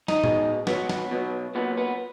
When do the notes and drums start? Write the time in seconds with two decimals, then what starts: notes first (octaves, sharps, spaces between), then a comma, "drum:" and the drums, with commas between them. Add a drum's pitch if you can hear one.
0.08 D#4, drum: snare
0.24 B2 G#3, drum: tom A2
0.67 B2 F#3 B3, drum: snare
0.89 drum: snare
1.11 B2 F#3
1.55 A#2 F#3 B3
1.77 B3